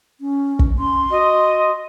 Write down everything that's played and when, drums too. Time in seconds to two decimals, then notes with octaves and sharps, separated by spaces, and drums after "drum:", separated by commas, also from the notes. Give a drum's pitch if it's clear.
0.21 C#4
0.59 drum: kick
0.79 C#4 C6
1.10 F#4 D#5